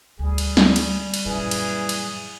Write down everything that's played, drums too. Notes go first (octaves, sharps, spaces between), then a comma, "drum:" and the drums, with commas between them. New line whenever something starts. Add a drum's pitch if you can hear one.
D2 G3 G#4
drum: cymbal
drum: snare
drum: cymbal
drum: cymbal
F#2 A#2 E3 G#4
drum: cymbal
drum: cymbal